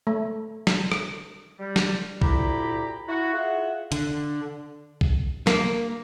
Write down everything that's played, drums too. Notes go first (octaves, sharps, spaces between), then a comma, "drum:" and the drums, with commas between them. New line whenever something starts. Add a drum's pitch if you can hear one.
A3
drum: snare
drum: rim click
G3
drum: snare
D2 A#2 E4 G4 A#5 B5, drum: kick
E4 F#4
F4 G#4 E5 F#5
D3, drum: hi-hat
drum: kick
A#3, drum: snare